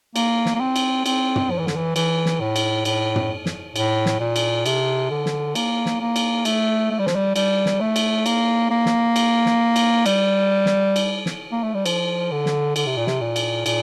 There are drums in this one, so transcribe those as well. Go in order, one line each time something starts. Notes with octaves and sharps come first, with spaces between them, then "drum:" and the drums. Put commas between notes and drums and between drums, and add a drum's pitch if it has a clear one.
A#3, drum: cymbal
drum: snare
A#3
C4
drum: cymbal
C4, drum: cymbal
drum: tom
F3
E3
D3, drum: snare
E3
E3, drum: cymbal
drum: snare
A2
drum: cymbal
A2, drum: cymbal
drum: tom
drum: snare
A2, drum: cymbal
drum: snare
A#2
drum: cymbal
C3, drum: cymbal
D3
drum: snare
A#3, drum: cymbal
drum: snare
A#3
drum: cymbal
A3, drum: cymbal
A3
G3
F3, drum: snare
G3
G3, drum: cymbal
drum: snare
A3
drum: cymbal
A#3, drum: cymbal
A#3
drum: snare
drum: cymbal
drum: snare
drum: cymbal
G3, drum: cymbal
drum: snare
drum: cymbal
drum: snare
A#3
A3
G3
F3, drum: cymbal
D3
drum: snare
D3, drum: cymbal
C3
A#2
C3, drum: snare
A#2
drum: cymbal
A#2, drum: cymbal